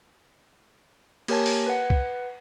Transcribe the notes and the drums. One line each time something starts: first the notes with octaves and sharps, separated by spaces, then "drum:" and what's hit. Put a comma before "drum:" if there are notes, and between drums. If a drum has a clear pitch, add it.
A#3 G4 A#4 C#5 G#5 A5, drum: cymbal
drum: open hi-hat
B4 F#5
drum: kick C2